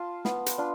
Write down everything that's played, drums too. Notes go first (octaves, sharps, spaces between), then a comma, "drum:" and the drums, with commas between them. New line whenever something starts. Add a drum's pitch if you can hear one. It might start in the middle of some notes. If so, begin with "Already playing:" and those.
Already playing: F4 A5 C6
B3, drum: snare
drum: hi-hat
D4 F4